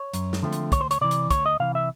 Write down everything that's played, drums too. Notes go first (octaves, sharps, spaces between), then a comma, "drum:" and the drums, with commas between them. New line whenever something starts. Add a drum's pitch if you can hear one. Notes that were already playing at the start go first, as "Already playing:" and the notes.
Already playing: C#5
F#2, drum: hi-hat
drum: snare
D3 F3 A3 C4
drum: hi-hat
D2 C#5, drum: kick, hi-hat
C5
C#5, drum: hi-hat
C3 E3 D5
drum: hi-hat
D2 C#5, drum: kick, hi-hat
D#5
C3 E3 F5
E5